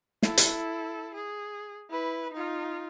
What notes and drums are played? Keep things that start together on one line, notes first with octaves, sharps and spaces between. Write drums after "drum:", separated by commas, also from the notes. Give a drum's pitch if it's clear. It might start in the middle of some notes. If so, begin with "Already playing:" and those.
E4 A4, drum: snare
drum: hi-hat
G#4
E4 B4
D#4 F4